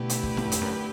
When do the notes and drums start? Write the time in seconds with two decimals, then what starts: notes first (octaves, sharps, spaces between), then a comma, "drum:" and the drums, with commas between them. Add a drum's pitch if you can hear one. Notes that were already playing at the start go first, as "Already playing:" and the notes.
Already playing: B2 D3 A3 E4 G4 B4
0.10 drum: hi-hat
0.23 drum: kick
0.37 drum: snare E4
0.52 E2, drum: hi-hat
0.61 F#2